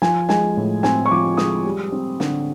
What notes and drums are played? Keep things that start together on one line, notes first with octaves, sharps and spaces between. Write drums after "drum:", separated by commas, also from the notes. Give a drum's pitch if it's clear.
F3 G#5, drum: snare
G#3 G#5, drum: snare
A2
C4 G#5, drum: snare
C#6
F3 D6
G#3 D#6, drum: snare
G3
C4
D3, drum: snare